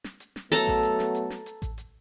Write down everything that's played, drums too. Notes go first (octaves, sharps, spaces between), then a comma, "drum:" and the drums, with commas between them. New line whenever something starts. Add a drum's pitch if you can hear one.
drum: snare
drum: hi-hat
drum: snare
F#3 A3 B3 A4 A#5, drum: hi-hat
drum: kick A1, hi-hat
drum: hi-hat
drum: snare
drum: hi-hat
drum: snare
drum: hi-hat
drum: kick A1, hi-hat
drum: hi-hat